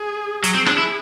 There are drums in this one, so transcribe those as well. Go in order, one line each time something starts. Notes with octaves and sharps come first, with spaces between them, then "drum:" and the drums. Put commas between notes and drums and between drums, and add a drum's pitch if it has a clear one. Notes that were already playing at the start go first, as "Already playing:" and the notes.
Already playing: G#4
F#3 G#4, drum: hi-hat
C4
D4, drum: rim click
E4